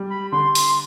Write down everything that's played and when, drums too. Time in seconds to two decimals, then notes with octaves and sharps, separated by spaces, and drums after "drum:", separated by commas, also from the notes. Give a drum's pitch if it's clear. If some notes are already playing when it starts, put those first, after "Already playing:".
Already playing: G3
0.10 B5
0.32 D3 C6
0.55 C6, drum: open hi-hat